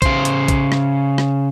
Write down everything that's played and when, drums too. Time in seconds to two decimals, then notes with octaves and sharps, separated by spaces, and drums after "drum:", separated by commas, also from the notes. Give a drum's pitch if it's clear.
0.02 C#3 C5, drum: kick, hi-hat
0.25 drum: hi-hat
0.48 drum: kick, hi-hat
0.72 drum: rim click
1.18 drum: rim click